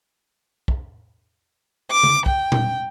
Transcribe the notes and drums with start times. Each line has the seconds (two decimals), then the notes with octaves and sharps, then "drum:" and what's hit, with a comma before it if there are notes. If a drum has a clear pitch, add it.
0.68 drum: kick
1.91 D6
2.03 drum: tom C#3
2.26 G5, drum: kick
2.52 drum: tom A#2